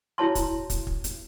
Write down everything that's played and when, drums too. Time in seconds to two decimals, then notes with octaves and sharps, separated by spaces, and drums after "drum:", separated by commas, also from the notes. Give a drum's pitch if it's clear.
0.18 E4 F#4 C#5 A5 C6
0.35 drum: kick, hi-hat
0.70 drum: kick, hi-hat
0.87 drum: kick
1.04 drum: hi-hat